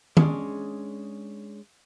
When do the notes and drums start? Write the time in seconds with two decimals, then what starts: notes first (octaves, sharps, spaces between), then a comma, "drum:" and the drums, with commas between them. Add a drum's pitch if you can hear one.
0.17 G#3 C#4 D4 G#4, drum: tom D#3